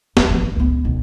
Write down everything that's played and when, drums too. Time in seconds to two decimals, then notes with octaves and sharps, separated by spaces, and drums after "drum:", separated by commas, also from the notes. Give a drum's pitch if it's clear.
0.17 E2 G3, drum: snare
0.31 F3 C4
0.43 G2
0.56 C#2 B3
0.85 B1